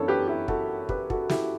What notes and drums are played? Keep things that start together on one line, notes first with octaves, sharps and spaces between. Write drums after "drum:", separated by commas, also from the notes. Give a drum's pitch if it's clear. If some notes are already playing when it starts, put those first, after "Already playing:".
Already playing: F#2 E3 B3 D4 A4 C#5
G4 B4
E4 G4
F#4 A4, drum: kick
G4 B4, drum: kick
F#4 A4, drum: kick
E4 G4, drum: snare